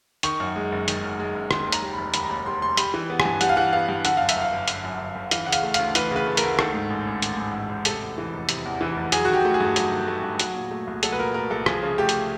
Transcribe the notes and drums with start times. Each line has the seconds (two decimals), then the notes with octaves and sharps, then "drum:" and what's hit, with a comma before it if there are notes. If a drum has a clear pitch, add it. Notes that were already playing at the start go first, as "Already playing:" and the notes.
0.23 D#3 C#6, drum: hi-hat
0.40 F#2
0.56 G#3
0.72 F#1
0.88 D#3, drum: hi-hat
1.03 F#2
1.19 G#3
1.34 F#1
1.51 D#3 C6, drum: rim click
1.67 D#2
1.72 A#5, drum: hi-hat
1.82 G3
1.93 F1 B5
2.14 D#3 B5, drum: hi-hat
2.23 A#5
2.30 D#2 B5
2.46 G3 C6
2.61 F1 C6
2.77 G3 B5, drum: hi-hat
2.94 E3
3.10 B3
3.20 G#5, drum: rim click
3.25 G2
3.41 G3 F#5, drum: hi-hat
3.49 F5
3.57 E3 F#5
3.73 B3 F5
3.89 G2
4.05 D3 F#5, drum: hi-hat
4.17 F#2 F5
4.29 E5, drum: hi-hat
4.36 G1
4.42 F5
4.52 G1
4.68 D3, drum: hi-hat
4.84 F#2
5.00 G1
5.16 G1
5.31 E3 F5, drum: hi-hat
5.46 C#3 F#5
5.52 F5, drum: hi-hat
5.63 A3
5.74 D2 F5, drum: hi-hat
5.95 E3 B4, drum: hi-hat
6.11 C#3 B4
6.27 A3
6.37 A#4, drum: hi-hat
6.43 D2
6.59 D#3 A4, drum: rim click
6.74 G#2
6.90 A1
7.07 A1
7.22 D#3, drum: hi-hat
7.37 G#2
7.54 A1
7.69 A1
7.85 C3 A4, drum: hi-hat
8.02 E2
8.18 E3
8.33 F1
8.49 C3, drum: hi-hat
8.65 E2
8.81 E3
8.97 F1
9.12 F#3 G#4, drum: hi-hat
9.25 F#4
9.29 D#3 G4
9.45 A3
9.54 G#4
9.60 G2
9.76 F#3, drum: hi-hat
9.92 D#3
10.07 A3
10.23 G2
10.39 F#3, drum: hi-hat
10.55 A#2
10.71 A3
10.87 C2
11.03 F#3 A4, drum: hi-hat
11.12 B4
11.18 A#2 A#4
11.34 A3 A#4
11.50 C2 A4
11.66 F3 G#4, drum: rim click
11.83 C#3
11.98 A3 G4
12.09 drum: hi-hat